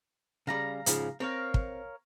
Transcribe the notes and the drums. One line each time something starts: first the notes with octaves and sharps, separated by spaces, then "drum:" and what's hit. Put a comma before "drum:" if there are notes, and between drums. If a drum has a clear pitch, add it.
C#3 G3 F5 A#5
G#2 C#3 F3, drum: hi-hat
C4 A#4 C#5 F5
drum: kick